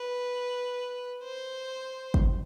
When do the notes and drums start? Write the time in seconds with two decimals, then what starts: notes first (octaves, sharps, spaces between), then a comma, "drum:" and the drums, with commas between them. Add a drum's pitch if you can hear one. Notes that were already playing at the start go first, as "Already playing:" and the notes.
Already playing: B4
1.23 C5
2.14 drum: kick